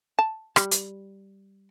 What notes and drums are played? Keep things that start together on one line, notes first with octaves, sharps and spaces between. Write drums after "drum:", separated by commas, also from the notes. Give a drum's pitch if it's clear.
A5
G3, drum: rim click
drum: hi-hat